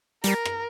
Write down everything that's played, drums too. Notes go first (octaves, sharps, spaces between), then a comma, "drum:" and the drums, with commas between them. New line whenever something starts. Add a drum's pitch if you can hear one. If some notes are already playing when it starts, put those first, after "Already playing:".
G3 A#4, drum: hi-hat
drum: rim click